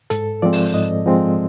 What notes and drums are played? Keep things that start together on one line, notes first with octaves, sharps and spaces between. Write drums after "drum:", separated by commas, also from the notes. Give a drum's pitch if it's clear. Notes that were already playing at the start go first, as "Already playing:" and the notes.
G#2 A4, drum: hi-hat
F3 G#3 C4 D5
drum: open hi-hat
G#2 D#5
F3 G#3 C4